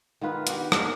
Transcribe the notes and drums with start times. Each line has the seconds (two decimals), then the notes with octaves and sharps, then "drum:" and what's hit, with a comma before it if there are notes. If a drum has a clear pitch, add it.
0.21 D#3 B3 F4 B4
0.47 B3 D4 F#4 G4, drum: hi-hat
0.72 D4 G#4 A#4, drum: rim click